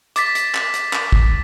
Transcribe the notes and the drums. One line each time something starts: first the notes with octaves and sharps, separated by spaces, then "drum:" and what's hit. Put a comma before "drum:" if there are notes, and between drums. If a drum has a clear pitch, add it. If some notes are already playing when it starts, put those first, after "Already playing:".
D6 A6 B6, drum: hi-hat
drum: hi-hat
drum: clap
drum: hi-hat
drum: clap
drum: kick